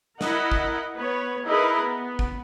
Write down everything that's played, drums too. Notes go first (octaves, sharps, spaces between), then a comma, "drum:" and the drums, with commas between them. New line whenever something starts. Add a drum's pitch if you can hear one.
E4 A#4 D#5 F#5, drum: snare
drum: kick
B3 B4 C#5
D#4 E4 G#4 A#4 B4 D#5
B3
drum: kick